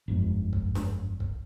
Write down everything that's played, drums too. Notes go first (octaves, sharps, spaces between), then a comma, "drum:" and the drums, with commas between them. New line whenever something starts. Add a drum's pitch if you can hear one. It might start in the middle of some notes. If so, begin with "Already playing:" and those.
G1 F2 G#2
drum: kick C#1
drum: snare
drum: kick C#1